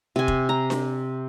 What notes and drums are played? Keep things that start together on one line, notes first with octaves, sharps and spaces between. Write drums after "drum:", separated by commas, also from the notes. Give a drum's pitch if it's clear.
C3 G#5
drum: kick F1
A#5
drum: snare D4